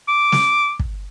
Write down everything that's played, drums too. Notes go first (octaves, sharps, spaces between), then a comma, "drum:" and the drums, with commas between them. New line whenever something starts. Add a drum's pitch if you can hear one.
D6
drum: snare
drum: kick